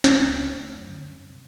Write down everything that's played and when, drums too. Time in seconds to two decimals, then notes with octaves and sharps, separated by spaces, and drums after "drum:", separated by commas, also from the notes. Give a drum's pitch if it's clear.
0.04 G#3, drum: snare
0.21 C#2
0.53 A3
0.74 F#2
0.88 D3
1.06 G2
1.30 C3